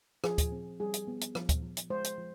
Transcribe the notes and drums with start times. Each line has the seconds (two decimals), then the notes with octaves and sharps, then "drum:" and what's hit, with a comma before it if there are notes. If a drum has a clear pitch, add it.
0.24 F3 G#4, drum: rim click
0.38 drum: kick, hi-hat
0.52 C4
0.80 G3 G#4
0.94 drum: hi-hat
1.08 B3
1.21 drum: hi-hat
1.35 F3, drum: rim click
1.49 drum: kick, hi-hat
1.62 F3
1.77 drum: hi-hat
1.90 G#3 C5
2.04 drum: hi-hat
2.18 F3